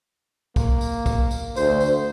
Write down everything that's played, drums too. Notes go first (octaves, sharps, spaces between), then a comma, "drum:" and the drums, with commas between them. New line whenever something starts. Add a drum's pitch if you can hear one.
A#3, drum: kick B1, tambourine
drum: tambourine
drum: kick B1, tambourine
drum: tambourine
D2 C5, drum: tambourine
drum: tambourine